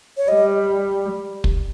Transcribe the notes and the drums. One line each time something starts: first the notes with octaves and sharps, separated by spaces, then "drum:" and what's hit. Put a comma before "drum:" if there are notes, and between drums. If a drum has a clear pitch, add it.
C#5
G3 D#5
drum: kick